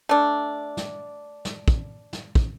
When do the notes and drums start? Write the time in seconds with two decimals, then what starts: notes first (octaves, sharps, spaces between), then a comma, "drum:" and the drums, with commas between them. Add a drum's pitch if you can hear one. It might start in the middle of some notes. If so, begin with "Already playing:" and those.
0.09 A3 D4
0.77 drum: snare
1.45 drum: snare
1.68 drum: kick
2.13 drum: snare
2.35 drum: kick